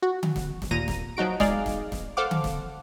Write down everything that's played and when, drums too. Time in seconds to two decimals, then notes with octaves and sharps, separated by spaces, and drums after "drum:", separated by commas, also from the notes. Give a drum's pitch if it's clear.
0.02 F#4
0.23 drum: tom D3
0.36 drum: snare
0.62 drum: snare
0.71 D#2 A#2 A#5 A#6 D#7
0.88 drum: snare
1.17 F3 F#3 D#4 F#4 D7
1.40 G#3 D#4 G#4 D5 F5, drum: snare
1.66 drum: snare
1.92 drum: snare
2.17 A4 C5 F5 F#5 D6
2.31 drum: tom D3
2.44 drum: snare